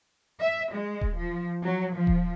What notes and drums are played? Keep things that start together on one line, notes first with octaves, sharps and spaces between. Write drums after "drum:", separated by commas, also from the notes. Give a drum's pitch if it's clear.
E5
G#3
drum: kick D#1
F3
F#3
F3
drum: kick D#1